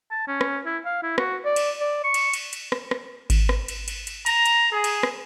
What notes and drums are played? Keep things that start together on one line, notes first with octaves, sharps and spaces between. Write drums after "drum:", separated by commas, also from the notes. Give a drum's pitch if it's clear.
A5
C#4
drum: rim click
E4
F5
E4
F#4, drum: rim click
D5
drum: cymbal
D5
C#6
drum: cymbal
drum: cymbal
drum: cymbal
drum: rim click
drum: rim click
drum: kick G#1, cymbal
drum: rim click
drum: cymbal
drum: cymbal
drum: cymbal
A#5, drum: cymbal
drum: cymbal
G#4
drum: cymbal
drum: rim click